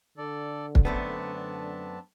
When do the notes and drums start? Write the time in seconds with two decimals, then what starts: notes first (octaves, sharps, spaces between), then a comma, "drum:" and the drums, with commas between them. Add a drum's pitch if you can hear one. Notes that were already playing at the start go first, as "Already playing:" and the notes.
0.17 D3 A4 D5
0.75 drum: kick
0.85 F#2 A3 B3 C4 D4 A5